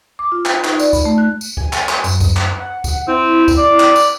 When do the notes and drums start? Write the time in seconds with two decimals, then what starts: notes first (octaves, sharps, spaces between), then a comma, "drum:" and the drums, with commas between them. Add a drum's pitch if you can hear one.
0.19 D6
0.32 F4
0.45 G5, drum: clap
0.64 D#4, drum: clap
0.79 D5, drum: tambourine
0.93 B5, drum: kick D2, tambourine
1.05 A3
1.18 F#6
1.41 drum: tambourine
1.57 G#5, drum: kick D2
1.73 drum: clap
1.89 drum: clap
2.04 F#2, drum: tambourine
2.21 drum: kick D2, tambourine
2.36 drum: clap
2.60 F#5
2.84 drum: kick D2, tambourine
3.07 C4 E4
3.48 drum: kick D2, tambourine
3.58 D5
3.80 drum: clap
3.96 drum: tambourine